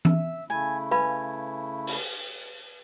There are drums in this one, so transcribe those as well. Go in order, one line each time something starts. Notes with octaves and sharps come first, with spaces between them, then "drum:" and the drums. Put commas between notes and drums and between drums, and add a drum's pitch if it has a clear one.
E5, drum: tom E3
C#3 A3 E4 G#5
B4 F5 G#5 B5
drum: open hi-hat